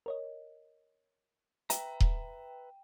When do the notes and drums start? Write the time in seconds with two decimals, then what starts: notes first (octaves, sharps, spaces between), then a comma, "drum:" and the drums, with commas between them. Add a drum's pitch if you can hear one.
0.06 A#4 C#5 D#5
1.70 B4 E5 G5 A#5, drum: hi-hat
2.00 drum: kick D#1